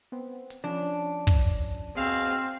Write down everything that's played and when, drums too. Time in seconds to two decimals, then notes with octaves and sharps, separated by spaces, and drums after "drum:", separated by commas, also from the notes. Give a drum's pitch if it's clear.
0.12 B3 C4
0.50 drum: hi-hat
0.64 F3 C#4 D4
1.27 drum: kick, open hi-hat
1.96 B2 C4 G#4 F5